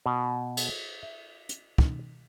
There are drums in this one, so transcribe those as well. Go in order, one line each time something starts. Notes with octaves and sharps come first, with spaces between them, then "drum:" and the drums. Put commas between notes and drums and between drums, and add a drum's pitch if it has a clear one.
B2
drum: cymbal
E5
drum: hi-hat
drum: kick